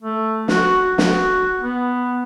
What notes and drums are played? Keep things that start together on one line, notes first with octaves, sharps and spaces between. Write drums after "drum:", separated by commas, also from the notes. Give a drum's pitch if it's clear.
A3
F#4, drum: snare
F#4, drum: snare
B3